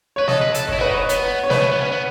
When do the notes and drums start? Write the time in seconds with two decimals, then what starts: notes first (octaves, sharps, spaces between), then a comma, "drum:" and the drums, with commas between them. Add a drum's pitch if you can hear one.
0.16 B4 C#5
0.28 A4 D#5, drum: snare
0.41 B4
0.55 A4, drum: hi-hat
0.68 E4 C#5, drum: kick
0.79 F#4 B4
0.89 D#4
0.94 C#5
1.09 B3, drum: hi-hat
1.43 C#5
1.50 A3 B4, drum: snare
1.61 A3
1.71 B3
1.81 C#4
1.92 B3